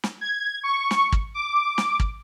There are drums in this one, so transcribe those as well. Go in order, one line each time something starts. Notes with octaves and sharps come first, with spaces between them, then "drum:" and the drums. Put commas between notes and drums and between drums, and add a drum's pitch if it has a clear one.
drum: snare
G#6
C#6
drum: snare
drum: kick
D6
drum: snare
drum: kick